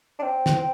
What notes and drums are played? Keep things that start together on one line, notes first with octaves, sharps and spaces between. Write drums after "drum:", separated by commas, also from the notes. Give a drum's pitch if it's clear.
D4
C4
drum: snare
C4